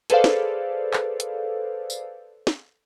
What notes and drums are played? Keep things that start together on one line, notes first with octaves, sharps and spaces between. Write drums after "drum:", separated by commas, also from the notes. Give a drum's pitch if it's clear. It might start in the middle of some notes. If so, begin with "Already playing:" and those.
G#4 A4 B4 C5 D5 F5, drum: hi-hat
drum: snare
drum: clap
drum: hi-hat
drum: tambourine
drum: snare